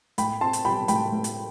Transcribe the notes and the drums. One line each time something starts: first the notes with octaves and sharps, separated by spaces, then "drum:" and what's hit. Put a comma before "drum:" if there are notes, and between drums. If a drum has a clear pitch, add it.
A2 G5 B5, drum: hi-hat
C4 A5 C6
drum: hi-hat
G3 G5 B5
A2 G5 B5, drum: hi-hat
A2
drum: hi-hat